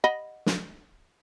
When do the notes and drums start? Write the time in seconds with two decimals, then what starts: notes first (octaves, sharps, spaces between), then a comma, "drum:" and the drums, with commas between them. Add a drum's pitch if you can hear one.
0.04 D#5 F#5 B5
0.46 drum: snare